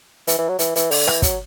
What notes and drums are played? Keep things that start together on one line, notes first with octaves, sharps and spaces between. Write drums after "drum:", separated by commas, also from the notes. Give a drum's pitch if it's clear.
E3, drum: hi-hat
E3
F#3
E3, drum: hi-hat
E3, drum: hi-hat
D3, drum: open hi-hat
E3, drum: rim click
F#3, drum: kick, hi-hat